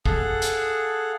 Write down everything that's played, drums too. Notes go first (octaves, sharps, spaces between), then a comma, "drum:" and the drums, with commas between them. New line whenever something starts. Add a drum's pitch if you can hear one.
G#4 A4 F5 F#5, drum: kick
drum: hi-hat